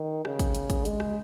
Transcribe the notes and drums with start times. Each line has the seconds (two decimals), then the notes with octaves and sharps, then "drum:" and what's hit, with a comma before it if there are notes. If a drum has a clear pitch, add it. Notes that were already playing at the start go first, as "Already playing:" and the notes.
Already playing: D#3
0.25 C#3, drum: rim click
0.39 drum: kick, hi-hat
0.55 drum: hi-hat
0.70 drum: kick, hi-hat
0.85 G#3, drum: hi-hat
1.00 drum: rim click